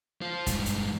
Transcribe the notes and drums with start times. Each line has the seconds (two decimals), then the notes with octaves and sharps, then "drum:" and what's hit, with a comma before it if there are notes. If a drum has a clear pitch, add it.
0.21 F4 C5
0.47 G2 G#3, drum: kick, hi-hat
0.66 drum: hi-hat